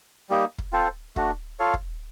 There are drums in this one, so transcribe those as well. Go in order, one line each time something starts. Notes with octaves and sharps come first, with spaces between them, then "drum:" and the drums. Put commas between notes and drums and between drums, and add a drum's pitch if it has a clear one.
G3 A#3 D#4 G4
drum: kick
C4 F4 A4 C5
A3 D4 F#4, drum: kick
F4 A4 C#5 F5
drum: kick